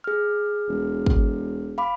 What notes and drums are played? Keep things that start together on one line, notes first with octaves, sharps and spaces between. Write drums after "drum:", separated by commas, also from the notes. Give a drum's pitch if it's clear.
G#4 F6
E1
drum: kick
F5 B5 D6